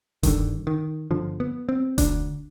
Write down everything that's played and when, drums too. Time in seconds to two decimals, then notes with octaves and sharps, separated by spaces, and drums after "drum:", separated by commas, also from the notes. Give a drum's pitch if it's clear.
0.23 G1 G2 D3 D#3, drum: kick E1, hi-hat
0.67 D#3
1.11 G1 G2 D3 F3
1.40 B3
1.69 C4
1.98 D2 D3 D4, drum: kick E1, hi-hat